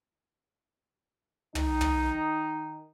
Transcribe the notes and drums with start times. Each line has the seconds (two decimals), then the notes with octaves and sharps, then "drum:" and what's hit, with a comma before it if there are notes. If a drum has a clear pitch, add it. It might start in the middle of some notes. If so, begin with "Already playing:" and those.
1.55 D#3 D#4, drum: tom
1.81 drum: tom